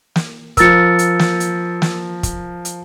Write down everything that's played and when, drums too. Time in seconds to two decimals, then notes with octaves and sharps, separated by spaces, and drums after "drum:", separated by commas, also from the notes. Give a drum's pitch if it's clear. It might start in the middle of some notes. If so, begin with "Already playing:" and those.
0.16 drum: snare
0.57 F3 A#4 E6 A6 C#7, drum: kick, hi-hat
0.99 drum: hi-hat
1.19 drum: snare
1.40 drum: hi-hat
1.82 drum: snare
2.23 drum: kick, hi-hat
2.65 drum: hi-hat